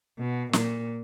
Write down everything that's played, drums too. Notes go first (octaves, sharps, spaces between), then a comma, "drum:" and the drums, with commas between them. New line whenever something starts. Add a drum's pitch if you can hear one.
B2
A#2, drum: snare